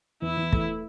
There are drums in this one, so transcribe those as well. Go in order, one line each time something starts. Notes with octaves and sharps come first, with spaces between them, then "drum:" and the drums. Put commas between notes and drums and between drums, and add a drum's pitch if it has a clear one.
E2 E4
E2
A3, drum: kick